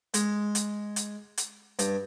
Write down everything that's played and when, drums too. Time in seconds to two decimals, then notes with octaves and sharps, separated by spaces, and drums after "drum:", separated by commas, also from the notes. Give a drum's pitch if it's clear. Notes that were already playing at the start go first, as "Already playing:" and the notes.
0.14 G#3, drum: hi-hat
0.55 drum: hi-hat
0.96 drum: hi-hat
1.38 drum: hi-hat
1.79 G2, drum: hi-hat